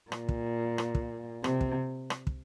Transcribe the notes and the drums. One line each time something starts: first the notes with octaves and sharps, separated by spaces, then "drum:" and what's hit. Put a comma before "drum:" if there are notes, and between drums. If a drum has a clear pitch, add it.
A#2, drum: rim click
drum: kick
drum: rim click
drum: kick
C3, drum: rim click
drum: kick
drum: rim click
drum: kick